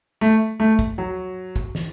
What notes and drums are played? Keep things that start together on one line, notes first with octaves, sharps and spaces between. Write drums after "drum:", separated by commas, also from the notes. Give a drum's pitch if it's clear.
A3
A3
drum: kick
F#3
drum: kick
drum: snare